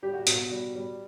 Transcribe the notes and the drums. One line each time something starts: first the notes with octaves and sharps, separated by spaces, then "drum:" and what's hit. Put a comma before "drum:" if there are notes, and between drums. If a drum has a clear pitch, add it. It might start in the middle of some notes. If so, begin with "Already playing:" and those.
G3 G4
F#4
B2, drum: hi-hat
F#4
G3
G3